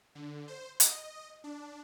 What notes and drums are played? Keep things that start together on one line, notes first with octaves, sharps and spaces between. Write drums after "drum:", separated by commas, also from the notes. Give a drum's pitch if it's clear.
D3
C5
D#5, drum: hi-hat
D4